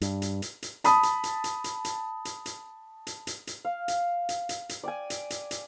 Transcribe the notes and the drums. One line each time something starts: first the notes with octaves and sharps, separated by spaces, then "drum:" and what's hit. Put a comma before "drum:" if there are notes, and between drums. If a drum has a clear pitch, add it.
G2, drum: hi-hat
drum: hi-hat
drum: hi-hat
drum: hi-hat
A5 B5 D#6, drum: hi-hat
drum: hi-hat
drum: hi-hat
drum: hi-hat
drum: hi-hat
drum: hi-hat
drum: hi-hat
drum: hi-hat
drum: hi-hat
drum: hi-hat
drum: hi-hat
F5
drum: hi-hat
drum: hi-hat
drum: hi-hat
drum: hi-hat
D5 G5 G#5
drum: hi-hat
drum: hi-hat
drum: hi-hat